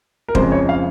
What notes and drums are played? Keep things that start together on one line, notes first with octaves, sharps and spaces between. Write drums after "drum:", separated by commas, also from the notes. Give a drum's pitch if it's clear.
A#4
F2 C#3 F3 G#3 C5, drum: kick
C#5
F5